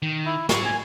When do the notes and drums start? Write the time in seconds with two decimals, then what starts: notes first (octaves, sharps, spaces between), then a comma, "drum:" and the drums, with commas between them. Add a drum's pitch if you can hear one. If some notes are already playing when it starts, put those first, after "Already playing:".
0.03 D#3
0.25 E4
0.49 G#4 C5 C#6, drum: snare
0.65 G#5